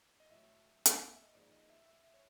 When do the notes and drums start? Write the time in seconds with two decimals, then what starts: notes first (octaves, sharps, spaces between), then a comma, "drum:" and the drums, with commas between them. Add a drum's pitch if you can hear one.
0.20 D#5
0.31 A2 F#3 A3 E5
0.86 drum: hi-hat
1.12 E5
1.23 D#5
1.35 G#2 F3 A#3 D5
1.52 D#5
1.70 E5
1.86 E5
2.04 E5
2.14 C#5